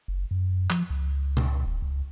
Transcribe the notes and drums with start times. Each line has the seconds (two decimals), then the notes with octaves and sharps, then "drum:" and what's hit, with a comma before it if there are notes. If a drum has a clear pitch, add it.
0.08 F#1
0.31 F#2
0.70 F3, drum: clap
0.90 C#2
1.37 drum: tom B2
1.66 D#1
1.82 C#2